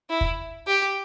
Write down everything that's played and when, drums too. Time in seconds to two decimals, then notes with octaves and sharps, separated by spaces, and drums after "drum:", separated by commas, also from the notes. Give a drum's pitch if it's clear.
0.10 E4
0.21 drum: kick
0.67 G4